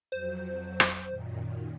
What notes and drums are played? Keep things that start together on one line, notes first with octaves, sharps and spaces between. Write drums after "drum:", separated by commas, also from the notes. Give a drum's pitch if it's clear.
F2 F#3 C5
drum: rim click
F#2 A#2 D#3